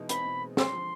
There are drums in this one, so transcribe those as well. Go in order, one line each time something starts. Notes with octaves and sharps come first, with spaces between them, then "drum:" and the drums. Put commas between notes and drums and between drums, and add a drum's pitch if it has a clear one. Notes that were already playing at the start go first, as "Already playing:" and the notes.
Already playing: B2 E3 G#3 D#4
C4 B5, drum: hi-hat
B2
G#3
D3 C6, drum: snare
F3